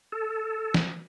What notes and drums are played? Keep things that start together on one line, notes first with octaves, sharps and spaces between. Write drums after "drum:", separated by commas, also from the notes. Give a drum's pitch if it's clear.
A4
drum: snare